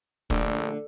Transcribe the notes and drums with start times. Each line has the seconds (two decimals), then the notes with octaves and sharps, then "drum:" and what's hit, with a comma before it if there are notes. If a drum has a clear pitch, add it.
0.30 A#1 D3 A3 D4, drum: kick